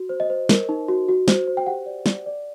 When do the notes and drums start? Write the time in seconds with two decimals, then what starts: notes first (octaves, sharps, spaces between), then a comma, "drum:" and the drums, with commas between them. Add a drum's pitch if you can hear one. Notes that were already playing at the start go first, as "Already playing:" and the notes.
Already playing: F#4
0.09 C5
0.20 D#5
0.30 C5
0.49 A#4, drum: snare
0.69 D#4
0.88 F#4
1.09 F#4
1.28 C5, drum: snare
1.48 C5
1.57 G5
1.67 G4 F#5
1.86 D5
2.06 D5, drum: snare
2.26 D5